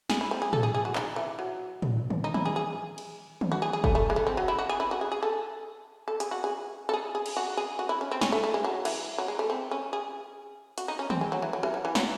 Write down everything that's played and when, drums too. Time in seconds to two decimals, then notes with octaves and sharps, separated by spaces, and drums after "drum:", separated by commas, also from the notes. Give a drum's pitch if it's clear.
0.10 G#4, drum: snare
0.21 E4
0.31 C4
0.42 G#4
0.53 A4, drum: tom A2
0.63 G#4
0.74 G#4
0.85 F#4
0.95 D#4, drum: clap
1.16 E3
1.39 F#3
1.82 drum: tom A2
2.10 drum: tom D3
2.24 D#4
2.34 E4, drum: tom D#3
2.45 G#4
2.56 G#4
2.98 drum: cymbal
3.41 drum: tom D#3
3.52 F#4
3.62 G#4
3.73 G#4
3.84 A3, drum: kick
3.95 A3
4.10 G#3
4.16 A3
4.27 C4
4.37 F#3
4.48 E4
4.59 F#4
4.69 G#4
4.80 E4
4.91 F#4
5.01 G#4
5.12 G#4
5.23 A4
6.08 A4
6.20 G#4, drum: hi-hat
6.31 F#4
6.44 G#4
6.89 A4
6.93 G#4
7.15 G#4
7.26 drum: cymbal
7.37 F#4
7.57 G#4
7.79 F#4
7.89 E4
8.01 C#4
8.11 C4
8.21 C#4, drum: snare
8.32 A3
8.44 A3
8.54 G#3
8.64 F#3
8.85 E3, drum: cymbal
9.18 F#3
9.28 G#3
9.39 A3
9.50 C4
9.71 C#4
9.93 G#4
10.78 F#4, drum: hi-hat
10.88 D#4
10.99 C#4
11.10 C4, drum: tom D#3
11.21 G#3
11.32 F#3
11.42 E3
11.53 F#3
11.63 E3, drum: rim click
11.74 F#3
11.85 E3
11.95 F#3, drum: snare